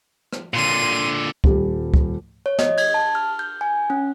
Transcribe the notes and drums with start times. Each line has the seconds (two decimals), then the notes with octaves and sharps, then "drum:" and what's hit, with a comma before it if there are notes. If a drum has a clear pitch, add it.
0.33 drum: rim click
0.54 A#2 D3 C6 D#7
1.44 D#1 G3, drum: kick
1.94 drum: kick
2.46 C#5
2.59 D#5, drum: snare
2.78 G#6, drum: cymbal
2.94 A5
3.15 F6
3.39 G6
3.61 G#5
3.90 C#4